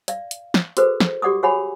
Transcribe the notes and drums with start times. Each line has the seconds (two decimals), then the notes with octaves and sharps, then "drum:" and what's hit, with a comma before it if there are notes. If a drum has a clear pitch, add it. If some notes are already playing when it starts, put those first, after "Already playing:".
0.08 D5 F5, drum: hi-hat
0.31 drum: hi-hat
0.54 drum: snare
0.77 F#4 G#4 A4 B4 C5, drum: hi-hat
1.00 drum: snare
1.22 F#4 G4 D5 F#5 D6 D#6
1.43 F#4 G#4 C#5 F#5 G#5 B5